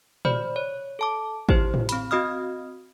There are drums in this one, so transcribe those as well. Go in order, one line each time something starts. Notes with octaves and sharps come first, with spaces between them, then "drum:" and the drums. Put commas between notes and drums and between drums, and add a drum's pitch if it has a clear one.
C5 D5 B5, drum: tom A#2
C#5
A4 A5 D6
E4 G4 C5, drum: kick G#1
drum: tom A2
C4 B5, drum: hi-hat
C4 F#4 D#5 D#6 F6